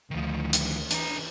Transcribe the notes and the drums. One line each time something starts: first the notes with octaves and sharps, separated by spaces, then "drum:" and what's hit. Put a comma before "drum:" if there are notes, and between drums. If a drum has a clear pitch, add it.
D2 D#3 F3
drum: hi-hat
E3 D4 A#5, drum: hi-hat